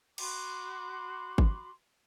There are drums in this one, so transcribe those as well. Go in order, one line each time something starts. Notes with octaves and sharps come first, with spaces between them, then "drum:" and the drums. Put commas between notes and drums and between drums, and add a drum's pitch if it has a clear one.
F#4 B5 C6 D6, drum: cymbal
drum: kick G#1